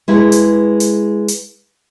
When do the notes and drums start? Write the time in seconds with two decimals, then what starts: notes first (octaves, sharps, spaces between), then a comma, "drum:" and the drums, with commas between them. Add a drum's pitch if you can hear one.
0.08 G#3 E4 B4
0.32 drum: hi-hat
0.80 drum: hi-hat
1.28 drum: hi-hat